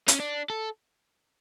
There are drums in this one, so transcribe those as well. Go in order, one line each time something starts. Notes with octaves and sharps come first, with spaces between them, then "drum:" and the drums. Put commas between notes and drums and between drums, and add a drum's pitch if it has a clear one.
C#4, drum: hi-hat
D4
A4